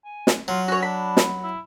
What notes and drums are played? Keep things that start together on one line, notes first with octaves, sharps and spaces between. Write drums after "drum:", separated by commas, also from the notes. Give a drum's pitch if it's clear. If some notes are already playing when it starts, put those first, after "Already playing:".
G#5
drum: snare
F#3 F4
C#4 F#4 C#5
D4 B5
drum: snare
E4